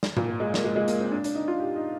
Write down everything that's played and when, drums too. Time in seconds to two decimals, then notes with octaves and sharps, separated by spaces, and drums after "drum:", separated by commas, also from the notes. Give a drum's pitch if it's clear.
0.03 drum: snare
0.17 A#2, drum: tom
0.40 G#3
0.54 A#3, drum: snare
0.64 G#3
0.76 G#3
0.88 A#3, drum: hi-hat
1.01 C4
1.12 D4
1.24 D4, drum: hi-hat
1.35 D#4
1.48 F4
1.60 G4
1.76 D#4